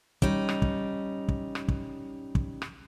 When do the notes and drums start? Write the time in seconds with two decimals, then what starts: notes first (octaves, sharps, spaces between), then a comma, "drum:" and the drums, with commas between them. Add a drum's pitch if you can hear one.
0.22 G3 C#4 D#4, drum: kick
0.49 drum: rim click
0.62 drum: kick
1.28 drum: kick
1.55 drum: rim click
1.68 drum: kick
2.35 drum: kick
2.62 drum: rim click